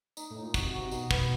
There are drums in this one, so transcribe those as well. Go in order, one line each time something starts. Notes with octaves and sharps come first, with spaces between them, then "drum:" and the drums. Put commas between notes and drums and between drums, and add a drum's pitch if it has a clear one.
D#4, drum: tambourine
A2 D#4
A#2
C3 F#4, drum: kick, tambourine
F#4
B2 D#4, drum: tambourine
B3, drum: kick